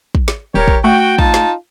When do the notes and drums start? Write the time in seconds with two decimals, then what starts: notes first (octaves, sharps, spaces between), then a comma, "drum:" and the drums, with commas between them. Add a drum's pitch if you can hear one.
0.15 drum: kick
0.28 drum: snare
0.54 D#1 G4 A#4 C#5
0.68 drum: kick
0.84 A3 F#4 G5
1.19 D#4 F4 A5, drum: kick
1.34 drum: snare